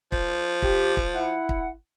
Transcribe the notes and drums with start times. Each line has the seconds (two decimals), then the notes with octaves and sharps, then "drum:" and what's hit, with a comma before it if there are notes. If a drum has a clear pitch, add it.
0.12 F3, drum: kick
0.62 G4, drum: kick
0.97 drum: kick
1.14 E4 F#5
1.49 drum: kick